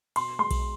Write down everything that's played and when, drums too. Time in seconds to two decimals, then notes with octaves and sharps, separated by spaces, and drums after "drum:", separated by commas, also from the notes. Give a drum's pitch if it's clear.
0.16 B2 C6, drum: cymbal
0.39 G#3 C6
0.51 drum: kick B1, cymbal